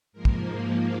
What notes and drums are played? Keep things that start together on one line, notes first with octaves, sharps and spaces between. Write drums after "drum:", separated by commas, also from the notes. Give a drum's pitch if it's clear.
G#2 F3 A#3 A#4
drum: kick